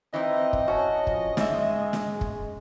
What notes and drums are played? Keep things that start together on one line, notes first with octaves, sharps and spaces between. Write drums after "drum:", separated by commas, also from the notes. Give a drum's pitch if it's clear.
E3 C4 D#4 D#5
drum: kick
C#4 F#4 A5
F3, drum: kick
G#2 G#3 E5, drum: snare
drum: snare
drum: kick